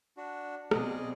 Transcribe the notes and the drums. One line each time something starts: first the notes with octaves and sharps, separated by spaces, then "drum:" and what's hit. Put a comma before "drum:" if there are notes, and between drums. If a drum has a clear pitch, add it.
D4 F#4
B2 C4 G#4 D5 D#5, drum: rim click